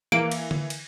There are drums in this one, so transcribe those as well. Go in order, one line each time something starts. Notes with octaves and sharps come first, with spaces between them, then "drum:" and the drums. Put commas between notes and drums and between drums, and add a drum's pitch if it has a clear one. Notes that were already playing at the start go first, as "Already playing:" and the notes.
E3 A#3 D7
drum: cymbal
drum: tom D3
drum: cymbal